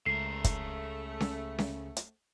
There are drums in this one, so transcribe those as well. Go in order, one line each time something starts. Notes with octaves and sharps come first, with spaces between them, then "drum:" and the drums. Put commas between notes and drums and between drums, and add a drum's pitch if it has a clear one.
C#2 C#3 A3 A#4 C7
drum: kick, hi-hat
drum: snare C#4
drum: snare C#4
drum: hi-hat